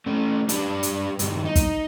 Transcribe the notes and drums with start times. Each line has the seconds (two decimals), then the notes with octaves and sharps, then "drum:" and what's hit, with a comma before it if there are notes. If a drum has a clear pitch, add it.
0.06 A3 C#4
0.49 G3 D4 G4 B4, drum: hi-hat
0.83 drum: hi-hat
1.19 G2 D#3, drum: hi-hat
1.45 D#4
1.55 drum: kick, hi-hat